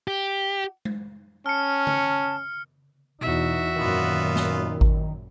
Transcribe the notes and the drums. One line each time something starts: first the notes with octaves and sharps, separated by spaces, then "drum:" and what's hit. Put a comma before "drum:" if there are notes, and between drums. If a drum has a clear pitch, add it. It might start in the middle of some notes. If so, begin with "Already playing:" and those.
G4
drum: tom G#3
C#4 A5 F6 C#7
drum: tom C#3
E2 B2 D#4 F#4 E5
F#2 A#2 D#3 B3 F4
drum: snare
drum: kick G#1